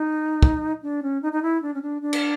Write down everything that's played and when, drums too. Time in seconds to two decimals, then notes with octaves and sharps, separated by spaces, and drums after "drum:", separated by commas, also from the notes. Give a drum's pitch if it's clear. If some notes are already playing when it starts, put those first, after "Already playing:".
Already playing: D#4
0.42 drum: kick
0.83 D4
1.03 C#4
1.22 D#4
1.32 D#4
1.43 E4
1.62 D4
1.74 C#4
1.82 D4
2.02 D4
2.13 drum: cymbal